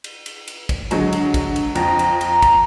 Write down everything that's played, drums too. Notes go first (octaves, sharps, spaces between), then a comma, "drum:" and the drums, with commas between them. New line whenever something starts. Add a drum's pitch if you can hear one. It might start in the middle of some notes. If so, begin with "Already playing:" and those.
drum: cymbal
drum: cymbal
drum: cymbal
drum: kick, cymbal
D3 F#3 G#3, drum: cymbal
drum: cymbal
drum: kick, cymbal
drum: cymbal
F2 A#5, drum: cymbal
drum: cymbal
drum: cymbal
drum: kick, cymbal